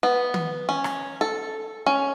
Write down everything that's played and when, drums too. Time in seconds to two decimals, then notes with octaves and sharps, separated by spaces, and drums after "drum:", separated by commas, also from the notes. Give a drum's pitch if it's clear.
0.03 B3
0.34 drum: tom
0.69 C#4
0.84 drum: rim click
1.21 A4
1.86 C#4